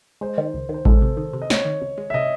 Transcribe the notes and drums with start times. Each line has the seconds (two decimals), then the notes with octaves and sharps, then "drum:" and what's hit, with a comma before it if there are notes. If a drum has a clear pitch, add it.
0.21 G#3 C5
0.38 D#3
0.54 C#2
0.69 D#3
0.74 C5
0.85 G#3 A4, drum: kick A1
1.02 C3
1.17 D#3
1.33 C3
1.42 D#5
1.50 C3 C#5, drum: snare
1.65 D#3
1.82 C#2
1.98 G#3
2.10 E5
2.14 C3 D#5